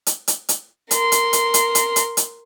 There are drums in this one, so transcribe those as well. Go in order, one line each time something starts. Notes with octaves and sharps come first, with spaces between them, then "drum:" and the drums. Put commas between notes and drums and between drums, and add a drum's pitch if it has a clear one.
drum: hi-hat
drum: hi-hat
drum: hi-hat
A#4 C6, drum: hi-hat
drum: hi-hat
drum: hi-hat
drum: hi-hat
drum: hi-hat
drum: hi-hat
drum: hi-hat